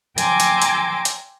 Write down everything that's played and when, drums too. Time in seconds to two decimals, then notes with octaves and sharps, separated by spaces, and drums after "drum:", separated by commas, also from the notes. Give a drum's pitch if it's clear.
0.18 G5 G#5 A#5 C6 D6 E6, drum: hi-hat
0.40 drum: hi-hat
0.62 drum: hi-hat
1.05 drum: hi-hat